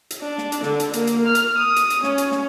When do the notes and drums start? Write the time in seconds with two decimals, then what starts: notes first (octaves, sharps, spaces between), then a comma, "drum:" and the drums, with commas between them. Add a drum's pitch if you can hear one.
0.10 drum: hi-hat
0.20 D4
0.38 drum: snare
0.52 drum: hi-hat
0.63 D3, drum: snare
0.80 drum: hi-hat
0.93 A#3, drum: hi-hat
1.07 drum: hi-hat
1.26 F6
1.35 drum: hi-hat
1.57 D#6
1.76 drum: hi-hat
1.90 drum: hi-hat
2.04 C#4, drum: snare
2.18 drum: hi-hat
2.32 drum: snare